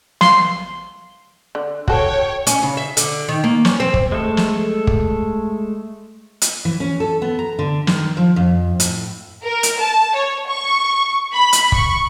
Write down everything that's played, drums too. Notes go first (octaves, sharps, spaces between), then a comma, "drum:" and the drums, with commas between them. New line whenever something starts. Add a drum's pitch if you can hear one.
C6, drum: snare
D3
F#4 A4 C#5 G5, drum: kick
C#4, drum: hi-hat
C#3
E5
D3, drum: hi-hat
D#3
A#3
C#4, drum: snare
C4
drum: kick
G#3 A3 A4
drum: snare
drum: kick
drum: hi-hat
E3
C#4
A4
B3
A#5
D3
D#3, drum: snare
F3
F2
A2, drum: hi-hat
A#4
drum: hi-hat
A5
C#5
C#6
B5
drum: hi-hat
C#6, drum: kick